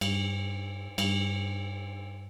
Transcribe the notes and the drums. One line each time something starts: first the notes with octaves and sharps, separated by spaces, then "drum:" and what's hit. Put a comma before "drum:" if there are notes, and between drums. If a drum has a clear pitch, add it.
G2, drum: cymbal
G2, drum: cymbal